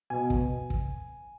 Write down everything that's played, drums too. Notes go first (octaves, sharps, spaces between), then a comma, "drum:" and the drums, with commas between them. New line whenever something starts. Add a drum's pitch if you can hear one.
B2 G#5
drum: kick
drum: kick